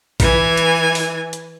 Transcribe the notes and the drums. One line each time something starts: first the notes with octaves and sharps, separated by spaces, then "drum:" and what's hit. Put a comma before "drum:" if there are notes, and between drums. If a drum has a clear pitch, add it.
E3 G#5, drum: kick, open hi-hat
drum: hi-hat
drum: open hi-hat
drum: hi-hat